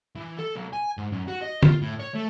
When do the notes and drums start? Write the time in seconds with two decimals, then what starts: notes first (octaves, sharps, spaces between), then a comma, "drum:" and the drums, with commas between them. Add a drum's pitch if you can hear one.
0.16 E3
0.38 A4
0.55 B1
0.73 G#5
0.98 G#2
1.12 F#2
1.28 F#4
1.42 D#5
1.63 F4, drum: tom
1.81 A2
1.99 C#5
2.15 A3